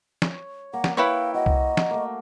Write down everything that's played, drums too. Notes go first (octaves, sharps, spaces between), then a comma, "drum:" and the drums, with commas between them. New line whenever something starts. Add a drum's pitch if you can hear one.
C#5, drum: snare
A#3 F#5
drum: snare
E4 B4 C#5 F5 G5
F#4 D#5
drum: kick C2
drum: snare
A3 A#3